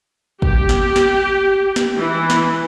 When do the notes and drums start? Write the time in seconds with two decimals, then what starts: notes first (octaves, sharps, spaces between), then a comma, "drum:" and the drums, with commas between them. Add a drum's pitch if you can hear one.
0.42 G4, drum: kick
0.69 drum: snare
0.96 drum: snare
1.76 drum: snare
1.96 E3
2.30 drum: snare